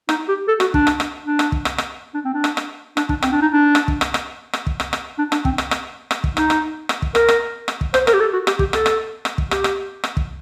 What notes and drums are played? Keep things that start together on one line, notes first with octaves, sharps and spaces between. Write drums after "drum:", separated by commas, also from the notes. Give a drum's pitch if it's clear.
D#4, drum: rim click
G4
A4
F#4, drum: rim click
D4, drum: kick
drum: rim click
drum: rim click
D4
drum: rim click
drum: kick
drum: rim click
drum: rim click
D4
C4
D4
drum: rim click
drum: rim click
D4, drum: rim click
D4, drum: kick
C4, drum: rim click
D4
D#4
D4
drum: rim click
drum: kick
drum: rim click
drum: rim click
drum: rim click
drum: kick
drum: rim click
drum: rim click
D4
D4, drum: rim click
C4, drum: kick
drum: rim click
drum: rim click
drum: rim click
drum: kick
D#4, drum: rim click
drum: rim click
drum: rim click
drum: kick
A#4, drum: rim click
drum: rim click
drum: rim click
drum: kick
C5, drum: rim click
A#4, drum: rim click
G4
A4
F#4
G4, drum: rim click
G4, drum: kick
A4, drum: rim click
drum: rim click
drum: rim click
drum: kick
G4, drum: rim click
drum: rim click
drum: rim click
drum: kick